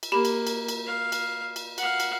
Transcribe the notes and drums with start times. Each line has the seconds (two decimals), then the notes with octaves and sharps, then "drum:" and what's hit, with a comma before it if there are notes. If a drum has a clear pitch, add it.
0.03 drum: cymbal
0.12 A#3 G4 B5 E7
0.25 drum: cymbal
0.47 drum: cymbal
0.68 drum: cymbal
0.86 F5
1.12 drum: cymbal
1.56 drum: cymbal
1.78 F5 F#5, drum: cymbal
2.00 drum: cymbal